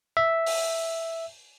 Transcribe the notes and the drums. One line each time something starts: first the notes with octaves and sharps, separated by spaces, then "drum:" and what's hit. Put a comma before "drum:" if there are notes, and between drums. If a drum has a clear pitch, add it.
E5
drum: open hi-hat